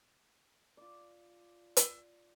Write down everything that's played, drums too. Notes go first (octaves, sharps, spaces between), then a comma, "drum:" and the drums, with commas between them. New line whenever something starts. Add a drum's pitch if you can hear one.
F4 D5
drum: hi-hat